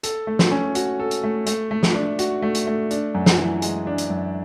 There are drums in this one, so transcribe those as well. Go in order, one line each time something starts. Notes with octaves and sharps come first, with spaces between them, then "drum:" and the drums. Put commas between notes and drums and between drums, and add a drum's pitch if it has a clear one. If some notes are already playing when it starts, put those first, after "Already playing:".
A4, drum: hi-hat
A3
drum: snare
C#4
F#4, drum: hi-hat
A4
drum: hi-hat
A3
A3, drum: hi-hat
A3
drum: snare
D4
F#4, drum: hi-hat
A3
drum: hi-hat
A3
D4, drum: hi-hat
F#2
drum: snare
E3
G#3, drum: hi-hat
D4
drum: hi-hat
F#2